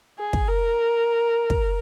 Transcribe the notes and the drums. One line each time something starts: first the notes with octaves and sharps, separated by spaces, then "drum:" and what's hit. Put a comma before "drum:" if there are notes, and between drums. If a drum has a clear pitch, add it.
G#4
drum: kick
A#4
drum: kick